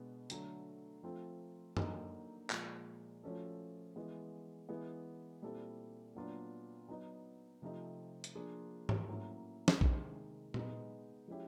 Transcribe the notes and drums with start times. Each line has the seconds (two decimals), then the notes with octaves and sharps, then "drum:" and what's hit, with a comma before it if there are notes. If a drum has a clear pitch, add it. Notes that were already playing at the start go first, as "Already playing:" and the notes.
Already playing: B2 G#3 B3 D4
0.30 D3 F#3 A3, drum: hi-hat
1.03 F3 A3 C4 F4
1.77 D3 F#3 A#3 D#4, drum: tom F#2
2.50 A#2 F3 G#3, drum: clap
3.24 F3 A3 C#4 F#4 A4
3.96 E3 G#3 B3
4.69 E3 G#3 B3 E4 G#4
5.42 A#2 G3 C4 E4 A4
6.15 A#2 F#3 B3 D4 F4
6.88 F#3 B3 D#4
7.62 C3 F3 A3 C4 D#4
8.24 drum: hi-hat
8.35 F3 A#3 D4 F4 G#4
8.89 drum: tom G#2
9.08 A2 F#3 A#3 C#4 E4
9.68 drum: snare
9.81 C3 D#3 G#3, drum: kick A#1
10.54 G#3 B3 D#4, drum: tom A#2
11.28 F3 G#3 C#4 E4 G4